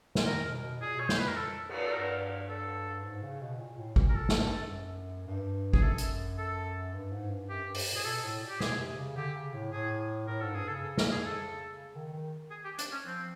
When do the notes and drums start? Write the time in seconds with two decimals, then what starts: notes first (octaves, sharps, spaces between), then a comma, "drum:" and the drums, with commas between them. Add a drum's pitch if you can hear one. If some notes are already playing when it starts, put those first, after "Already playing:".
0.15 drum: snare
0.25 D#3 A#4
0.44 B2
0.63 B2
0.81 A#2 G#4
0.95 B2 C#5
1.09 A#2 C5, drum: snare
1.18 B4
1.28 A#4
1.36 A4
1.69 drum: cymbal
1.86 A4
1.92 G2 A#4
2.48 A4
3.04 G#2
3.23 C#3
3.42 B2
3.60 A#2
3.78 A2
3.96 A#2, drum: kick G#1
4.09 A#4
4.15 A4
4.29 G#2, drum: snare
4.44 G2
4.57 F#2
5.27 G2
5.73 G#4, drum: kick G#1
5.82 F#2 A4
5.98 F#2, drum: hi-hat
6.38 A4
6.93 G2
7.12 G#2
7.30 G2
7.49 F#2 G4
7.64 G2
7.75 drum: open hi-hat
7.92 A#2 G#4
8.05 B2 A4
8.23 A2
8.43 A#2
8.49 G4
8.60 B2 G#4, drum: snare
8.79 C3
8.98 C#3
9.16 D3 G4
9.35 C#3
9.54 A2
9.72 A2 G#4
10.27 A2 A#4
10.41 G#2 A4
10.55 G2 G#4
10.68 C#3 A4
10.83 A4
10.97 A#4, drum: snare
11.11 G#4
11.25 A4
11.95 D#3
12.13 D#3
12.50 G#4
12.65 G4
12.79 D4, drum: hi-hat
12.92 C#4
13.06 F3 C4